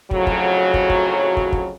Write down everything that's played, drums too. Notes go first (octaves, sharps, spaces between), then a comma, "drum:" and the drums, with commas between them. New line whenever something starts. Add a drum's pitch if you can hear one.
F2 A2 C#3 F#3, drum: kick
drum: kick
drum: kick
drum: kick
drum: kick
drum: kick